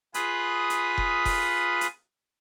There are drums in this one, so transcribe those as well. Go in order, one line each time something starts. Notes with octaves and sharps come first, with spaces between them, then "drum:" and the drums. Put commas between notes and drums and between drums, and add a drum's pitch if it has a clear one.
F4 G#4 B4 B5 D#6, drum: hi-hat
drum: hi-hat
drum: kick F1
drum: kick F1, open hi-hat
drum: hi-hat